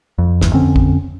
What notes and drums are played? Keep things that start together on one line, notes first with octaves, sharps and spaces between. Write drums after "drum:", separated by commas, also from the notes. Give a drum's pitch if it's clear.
F2
G1 E2, drum: snare
F2 D3 C4 C#4
drum: kick